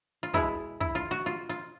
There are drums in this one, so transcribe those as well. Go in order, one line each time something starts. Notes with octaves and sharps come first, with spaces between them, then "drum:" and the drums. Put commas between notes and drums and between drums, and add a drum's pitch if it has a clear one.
F4
B2 G#3 E4, drum: kick
E4, drum: kick
F4
F#4
F4
F4